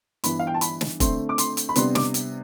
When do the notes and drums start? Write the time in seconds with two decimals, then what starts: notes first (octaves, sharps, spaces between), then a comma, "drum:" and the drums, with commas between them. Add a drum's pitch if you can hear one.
0.24 G2 E3 B3 B5, drum: hi-hat
0.39 F5
0.47 G5
0.54 A5
0.61 B5, drum: hi-hat
0.81 drum: snare
1.00 D3 A3 C4 C6, drum: kick, hi-hat
1.29 D6
1.38 C6, drum: hi-hat
1.57 drum: hi-hat
1.69 B5
1.76 C3 G3 B3 D4 C6, drum: hi-hat
1.95 D6, drum: snare
2.14 drum: hi-hat